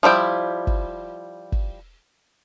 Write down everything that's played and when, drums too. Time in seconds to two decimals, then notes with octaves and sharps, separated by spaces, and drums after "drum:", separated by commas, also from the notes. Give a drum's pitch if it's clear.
0.03 F3 G3 E4 G5
0.67 drum: kick
1.52 drum: kick